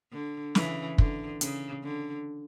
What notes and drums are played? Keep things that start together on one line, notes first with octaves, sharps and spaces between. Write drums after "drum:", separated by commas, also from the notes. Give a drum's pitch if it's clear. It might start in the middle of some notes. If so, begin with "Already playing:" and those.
D3
C#3 E3, drum: snare
D3, drum: kick
C#3, drum: hi-hat
D3